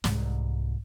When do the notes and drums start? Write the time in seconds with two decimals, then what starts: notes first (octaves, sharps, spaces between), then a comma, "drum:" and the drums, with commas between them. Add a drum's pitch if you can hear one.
0.04 C2 G#2, drum: snare